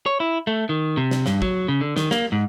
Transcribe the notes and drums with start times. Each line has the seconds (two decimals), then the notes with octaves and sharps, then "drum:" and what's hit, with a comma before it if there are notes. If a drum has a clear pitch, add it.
0.06 C#5
0.20 E4
0.47 A3
0.69 D#3
0.97 C3
1.11 drum: snare
1.26 G2, drum: snare
1.42 F#3, drum: kick
1.68 C#3
1.81 D3
1.97 D#3, drum: snare
2.11 A#3, drum: snare
2.32 G#2